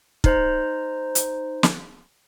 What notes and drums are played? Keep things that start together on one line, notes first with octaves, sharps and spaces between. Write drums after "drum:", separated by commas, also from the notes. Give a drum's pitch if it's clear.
D#4 C5 A#5, drum: kick
drum: hi-hat
drum: snare